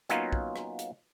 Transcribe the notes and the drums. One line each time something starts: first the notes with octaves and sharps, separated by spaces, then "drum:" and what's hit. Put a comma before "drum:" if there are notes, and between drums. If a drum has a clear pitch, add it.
F#3 A#3 B3 C#4 D#4 F4, drum: hi-hat
drum: kick
drum: rim click
drum: hi-hat